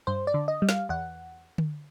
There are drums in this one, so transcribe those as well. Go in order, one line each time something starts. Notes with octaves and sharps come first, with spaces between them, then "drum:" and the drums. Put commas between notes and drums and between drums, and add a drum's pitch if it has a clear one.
G2 C5
D5
D3
D#5
G3
F5, drum: snare
E2 F#5
drum: tom D3